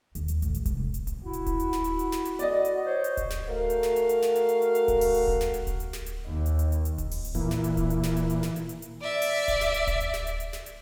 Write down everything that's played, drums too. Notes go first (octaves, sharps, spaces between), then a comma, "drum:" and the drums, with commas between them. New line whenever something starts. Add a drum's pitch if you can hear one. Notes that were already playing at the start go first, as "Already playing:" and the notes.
D#2, drum: hi-hat
drum: hi-hat
A1, drum: hi-hat
drum: hi-hat
F1, drum: kick D1, hi-hat
drum: hi-hat
drum: kick D1, hi-hat
E4 F#4
drum: hi-hat
drum: kick D1, hi-hat
drum: hi-hat
drum: snare
F#4, drum: hi-hat
drum: hi-hat
drum: snare
drum: hi-hat
D5 D#5, drum: hi-hat
drum: hi-hat
C5 C#5
drum: hi-hat
drum: kick D1, hi-hat
drum: snare
A3 F#4 A#4 F5
drum: hi-hat
drum: snare
drum: hi-hat
drum: hi-hat
drum: snare
drum: hi-hat
drum: hi-hat
drum: hi-hat
drum: hi-hat
drum: kick D1, hi-hat
drum: open hi-hat
drum: hi-hat
drum: kick D1
drum: snare
drum: hi-hat
drum: kick D1, hi-hat
drum: hi-hat
drum: snare
drum: hi-hat
D#2
drum: hi-hat
drum: hi-hat
drum: hi-hat
drum: hi-hat
drum: kick D1, hi-hat
drum: open hi-hat
drum: hi-hat
A#2 E3, drum: kick D1, hi-hat
drum: snare
drum: hi-hat
drum: kick D1, hi-hat
drum: hi-hat
drum: snare
drum: hi-hat
drum: hi-hat
drum: snare
drum: hi-hat
drum: hi-hat
drum: hi-hat
D5 E5
drum: open hi-hat
drum: kick D1, hi-hat
drum: snare
drum: hi-hat
drum: kick D1, hi-hat
drum: hi-hat
drum: snare
drum: hi-hat
drum: hi-hat
drum: snare
drum: hi-hat